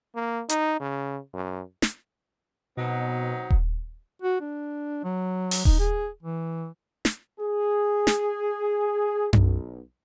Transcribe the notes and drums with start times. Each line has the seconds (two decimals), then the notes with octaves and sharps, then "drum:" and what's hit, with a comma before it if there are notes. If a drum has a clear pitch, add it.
0.15 A#3
0.49 D#4, drum: hi-hat
0.80 C#3
1.33 F#2
1.82 drum: snare
2.77 B2 F#3 C4 D#4
3.50 drum: kick D#1
4.22 F#4
4.40 D4
5.04 F#3
5.51 drum: open hi-hat
5.65 D#4, drum: kick D#1
5.79 G#4
6.22 E3
7.05 drum: snare
7.39 G#4
8.07 drum: snare
9.33 B1, drum: tom F#2